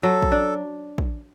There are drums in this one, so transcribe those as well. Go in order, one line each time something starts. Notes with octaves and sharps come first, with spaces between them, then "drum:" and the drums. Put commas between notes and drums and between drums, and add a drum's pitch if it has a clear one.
F#3 A4
drum: kick
D4
drum: kick